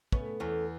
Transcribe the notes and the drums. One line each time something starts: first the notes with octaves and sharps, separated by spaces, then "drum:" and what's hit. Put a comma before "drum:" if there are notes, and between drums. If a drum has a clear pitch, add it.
A3 B3 C#4, drum: kick
E2 A3 C#4